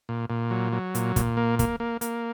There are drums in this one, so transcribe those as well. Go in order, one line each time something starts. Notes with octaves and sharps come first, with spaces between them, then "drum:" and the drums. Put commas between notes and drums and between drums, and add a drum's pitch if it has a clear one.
A#2
A#2
F#3
F#3
A#2, drum: hi-hat
A#2, drum: kick, hi-hat
A#3
A#3, drum: kick, hi-hat
A#3
A#3, drum: hi-hat